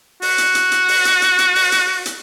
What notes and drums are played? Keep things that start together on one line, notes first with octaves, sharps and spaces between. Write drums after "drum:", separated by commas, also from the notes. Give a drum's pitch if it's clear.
F#4, drum: open hi-hat
drum: hi-hat
drum: hi-hat
drum: hi-hat
drum: open hi-hat
drum: hi-hat
drum: hi-hat
drum: hi-hat
drum: open hi-hat
drum: hi-hat
drum: hi-hat